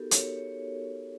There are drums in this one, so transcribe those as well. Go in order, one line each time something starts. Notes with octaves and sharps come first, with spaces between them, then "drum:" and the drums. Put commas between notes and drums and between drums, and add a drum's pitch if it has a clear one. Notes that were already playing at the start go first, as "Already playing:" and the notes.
Already playing: B3 D#4 F#4 G4 A4 A#4
C#5, drum: hi-hat
C#5